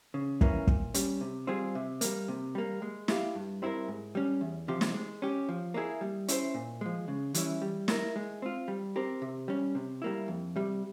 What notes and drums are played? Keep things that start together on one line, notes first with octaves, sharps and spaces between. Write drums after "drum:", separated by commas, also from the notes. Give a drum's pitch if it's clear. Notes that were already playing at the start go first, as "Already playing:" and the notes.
C#3
E3 A#3 C#4, drum: kick
A#2, drum: kick
G3 C#4, drum: hi-hat
C3
G3 C4 F4 G#4
C3
G3 A#3, drum: hi-hat
C3
G3 A#3
G#3
E4 G4 A#4 F5, drum: snare
G2
G3 C4 E4 A#4
G#2
G3 C#4
E2
C3 F3 C4 G4
drum: snare
G#3
C#4 G4
F3
A#3 C#4 E4 G#4
G3
C#4 E4 G#4 C5, drum: hi-hat
A#2
F3 G#3
C#3
E3 G3 C#4 E4, drum: hi-hat
G3
A#3 E4 A#4, drum: snare
G#3
C4 F4
G3
C4 G4 A#4
C3
G3 C#4
C3
G3 A#3 E4
F2
C3 G3